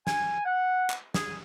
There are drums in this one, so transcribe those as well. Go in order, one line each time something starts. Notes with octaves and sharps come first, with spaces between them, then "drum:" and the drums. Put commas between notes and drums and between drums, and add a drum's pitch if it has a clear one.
G#5, drum: snare
F#5
drum: clap
G#4, drum: snare